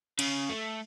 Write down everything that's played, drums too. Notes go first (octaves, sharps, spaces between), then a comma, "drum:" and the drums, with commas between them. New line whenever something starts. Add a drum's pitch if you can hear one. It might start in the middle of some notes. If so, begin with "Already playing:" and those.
C#3, drum: cymbal
A3